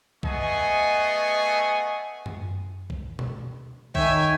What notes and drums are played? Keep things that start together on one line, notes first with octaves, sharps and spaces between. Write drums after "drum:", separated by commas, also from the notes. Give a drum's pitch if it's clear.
A3 B3 G#4 D#5 G#5 C#6, drum: kick B1
drum: tom F#2
drum: kick B1
drum: tom B2
D#3 C#5 E5 G5 G#5, drum: kick B1